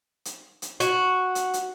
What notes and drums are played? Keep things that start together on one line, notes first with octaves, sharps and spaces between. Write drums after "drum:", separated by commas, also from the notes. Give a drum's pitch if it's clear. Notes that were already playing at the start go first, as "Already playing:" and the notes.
drum: hi-hat
drum: hi-hat
F#4, drum: hi-hat
drum: hi-hat
drum: hi-hat